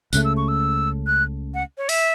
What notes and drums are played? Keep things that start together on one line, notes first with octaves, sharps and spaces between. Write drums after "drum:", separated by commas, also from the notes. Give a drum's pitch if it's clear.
C#2 C#3 A3 F#6, drum: tambourine
E6
C#6
E6
F#6
F#5
C#5
E5, drum: open hi-hat